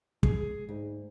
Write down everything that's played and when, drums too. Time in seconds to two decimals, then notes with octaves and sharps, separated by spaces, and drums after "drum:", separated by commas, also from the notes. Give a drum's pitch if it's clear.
0.23 G#3 G#4, drum: kick
0.69 D2 G#2